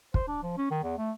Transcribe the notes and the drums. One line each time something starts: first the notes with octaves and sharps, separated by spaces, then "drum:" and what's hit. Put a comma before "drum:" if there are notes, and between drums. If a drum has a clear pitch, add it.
C5, drum: kick
D4
F3
C#4
D#3
E2
A3